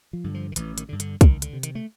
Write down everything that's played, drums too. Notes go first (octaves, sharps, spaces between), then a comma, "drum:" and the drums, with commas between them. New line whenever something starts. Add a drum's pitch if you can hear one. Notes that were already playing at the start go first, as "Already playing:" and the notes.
F3
G2 D3
F3
D#3
A1 E3, drum: hi-hat
D#3, drum: hi-hat
D3
G2
D3, drum: hi-hat
C#2 D#3, drum: kick, hi-hat
D3, drum: hi-hat
C3
D#3, drum: hi-hat
A3